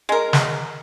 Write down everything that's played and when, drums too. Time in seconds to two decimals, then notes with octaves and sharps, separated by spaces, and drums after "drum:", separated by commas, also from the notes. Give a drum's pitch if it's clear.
0.09 G#3 A#4
0.33 drum: snare